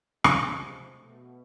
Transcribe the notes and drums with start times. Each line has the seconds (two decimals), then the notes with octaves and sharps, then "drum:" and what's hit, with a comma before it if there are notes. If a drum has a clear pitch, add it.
0.24 C3 F3 G#3, drum: rim click
0.92 B2 A3